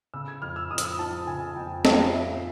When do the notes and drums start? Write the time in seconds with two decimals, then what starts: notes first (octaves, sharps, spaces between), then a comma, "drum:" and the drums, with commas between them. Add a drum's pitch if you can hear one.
0.14 C#3 E6
0.28 G#6
0.42 F2 F6
0.56 E6
0.70 F2 D#6
0.78 E6, drum: hi-hat
0.85 D#6
0.99 F3 A5
1.27 C#3 G#5
1.56 F2 G5
1.85 F2 F5, drum: snare
2.13 F3 E5